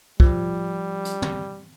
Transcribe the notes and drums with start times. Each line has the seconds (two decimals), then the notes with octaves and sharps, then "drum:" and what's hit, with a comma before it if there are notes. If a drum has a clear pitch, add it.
0.20 F3 G3, drum: kick
1.05 drum: hi-hat
1.22 drum: tom